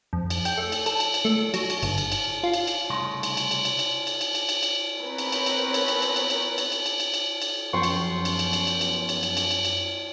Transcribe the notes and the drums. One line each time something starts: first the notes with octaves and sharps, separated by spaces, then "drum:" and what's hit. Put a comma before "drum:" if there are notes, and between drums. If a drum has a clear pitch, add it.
F2
drum: cymbal
G5, drum: cymbal
A3
drum: cymbal
A4, drum: cymbal
drum: cymbal
drum: cymbal
A3
F#3, drum: cymbal
drum: cymbal
G1, drum: cymbal
drum: cymbal
drum: cymbal
F4
drum: cymbal
drum: cymbal
C2 C#3 A3 A#4 D#5 C6
drum: cymbal
drum: cymbal
drum: cymbal
drum: cymbal
drum: cymbal
drum: cymbal
drum: cymbal
drum: cymbal
drum: cymbal
drum: cymbal
B3 C4 A#4 B4 C#5
drum: cymbal
drum: cymbal
drum: cymbal
drum: cymbal
drum: cymbal
drum: cymbal
drum: cymbal
drum: cymbal
drum: cymbal
drum: cymbal
drum: cymbal
drum: cymbal
drum: cymbal
drum: cymbal
F#2 F3 F#3 B3 C#4 G5 C6 C#6
drum: cymbal
drum: cymbal
drum: cymbal
drum: cymbal
drum: cymbal
drum: cymbal
drum: cymbal
drum: cymbal
drum: cymbal
drum: cymbal
drum: cymbal